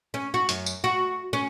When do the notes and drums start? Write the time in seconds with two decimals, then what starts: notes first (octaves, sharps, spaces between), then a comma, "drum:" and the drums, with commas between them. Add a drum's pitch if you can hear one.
0.14 C#4
0.34 F#4
0.49 F#2, drum: hi-hat
0.66 drum: tambourine
0.84 F#4
1.33 C#4